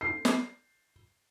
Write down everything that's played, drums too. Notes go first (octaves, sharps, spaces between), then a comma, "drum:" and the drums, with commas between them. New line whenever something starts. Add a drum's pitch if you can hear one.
C7
drum: snare